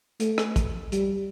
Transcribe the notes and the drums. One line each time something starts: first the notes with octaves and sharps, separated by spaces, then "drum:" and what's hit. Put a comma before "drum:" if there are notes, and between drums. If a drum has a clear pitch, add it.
A3, drum: hi-hat
drum: rim click
drum: kick, hi-hat
G3, drum: hi-hat